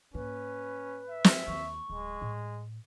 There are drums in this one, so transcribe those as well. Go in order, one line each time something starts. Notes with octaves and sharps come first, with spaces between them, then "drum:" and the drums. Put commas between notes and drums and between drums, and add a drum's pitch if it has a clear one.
G#2 A#3 C#4 B4
E5
drum: snare
D#2 D#3 C#6
D1 G#3
A2